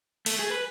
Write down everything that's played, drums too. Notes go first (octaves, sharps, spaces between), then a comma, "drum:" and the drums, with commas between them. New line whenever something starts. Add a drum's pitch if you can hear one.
A3, drum: open hi-hat
G#4
B4